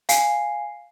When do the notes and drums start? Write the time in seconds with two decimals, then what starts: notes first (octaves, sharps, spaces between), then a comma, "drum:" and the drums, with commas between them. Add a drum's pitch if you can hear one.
0.09 F5 G#5 C7, drum: hi-hat